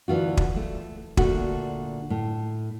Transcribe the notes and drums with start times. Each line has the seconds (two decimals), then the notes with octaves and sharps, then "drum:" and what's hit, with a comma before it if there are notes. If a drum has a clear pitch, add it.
0.08 D2 E3 F4 F#4
0.37 drum: kick
0.56 A3
1.17 A#2 D3 A3 F#4, drum: kick
2.10 A2